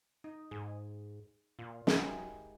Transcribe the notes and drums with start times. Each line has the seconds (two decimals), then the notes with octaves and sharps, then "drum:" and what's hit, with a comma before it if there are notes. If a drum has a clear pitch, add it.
0.24 D#4
0.51 G#2 G#4
1.59 A#2 F4
1.87 F#3 G#3 D#4 E4 G4 A#4 C#5, drum: snare